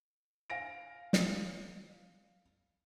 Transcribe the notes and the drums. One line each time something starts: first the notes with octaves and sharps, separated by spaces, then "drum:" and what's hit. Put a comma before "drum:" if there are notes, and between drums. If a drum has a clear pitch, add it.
F5 G#5 A#6 D7
drum: snare